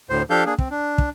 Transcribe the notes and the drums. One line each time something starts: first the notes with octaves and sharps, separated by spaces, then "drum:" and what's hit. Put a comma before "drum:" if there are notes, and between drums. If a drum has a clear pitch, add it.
D2 A2 C5
F3 D4 G4 A4 F5 G6
A#3 D4 G#4
C4, drum: kick
D4
drum: kick